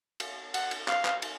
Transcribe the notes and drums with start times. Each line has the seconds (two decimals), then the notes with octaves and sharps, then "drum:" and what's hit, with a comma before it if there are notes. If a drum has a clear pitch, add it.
0.20 drum: cymbal
0.54 F#5, drum: cymbal
0.71 drum: cymbal
0.88 F5, drum: clap
1.05 drum: clap
1.22 drum: cymbal